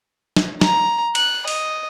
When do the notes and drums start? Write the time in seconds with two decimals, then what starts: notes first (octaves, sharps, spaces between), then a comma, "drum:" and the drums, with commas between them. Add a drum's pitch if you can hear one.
0.36 drum: snare
0.61 A#5, drum: snare
1.15 F#6, drum: cymbal
1.48 D#5, drum: open hi-hat